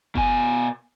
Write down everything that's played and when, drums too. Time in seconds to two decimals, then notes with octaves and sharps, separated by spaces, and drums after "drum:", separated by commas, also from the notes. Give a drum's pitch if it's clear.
0.15 B2 G#5, drum: kick F#1